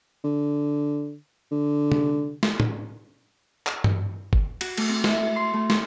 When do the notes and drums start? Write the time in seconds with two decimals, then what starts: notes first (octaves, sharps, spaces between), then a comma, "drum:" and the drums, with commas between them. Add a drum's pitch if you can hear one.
0.24 D3
1.52 D3
1.92 drum: tom C3
2.43 drum: snare
2.60 drum: tom A2
3.67 drum: clap
3.84 drum: tom G2
4.33 drum: kick
4.61 F#4, drum: cymbal
4.77 A3, drum: cymbal
4.89 C4
5.04 E4, drum: snare
5.36 C6
5.53 A3
5.70 C#5, drum: snare